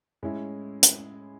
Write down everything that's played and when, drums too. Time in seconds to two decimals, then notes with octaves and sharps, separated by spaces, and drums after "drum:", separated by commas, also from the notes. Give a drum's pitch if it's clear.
0.23 A2 G#3 C#4 E4
0.83 drum: hi-hat